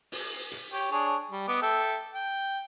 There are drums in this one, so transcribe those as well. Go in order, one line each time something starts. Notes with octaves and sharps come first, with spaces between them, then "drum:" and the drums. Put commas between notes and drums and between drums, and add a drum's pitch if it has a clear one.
drum: open hi-hat
drum: hi-hat
G4 C#5
D4 G#4 C#5
G3
B3 D#5 D6
A4 E5 G5
G5